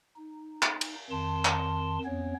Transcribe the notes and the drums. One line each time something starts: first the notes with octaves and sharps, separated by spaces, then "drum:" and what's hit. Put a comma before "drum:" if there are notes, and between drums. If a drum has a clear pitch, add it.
D#4
drum: clap
drum: cymbal
F2 D#3 A5 C6
drum: clap
F2 B3 C#4 C#5